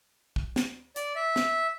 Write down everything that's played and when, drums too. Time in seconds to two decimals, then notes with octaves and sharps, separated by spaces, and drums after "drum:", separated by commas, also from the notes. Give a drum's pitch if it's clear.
0.36 drum: kick
0.56 drum: snare
0.96 D5, drum: hi-hat
1.16 E5
1.36 drum: snare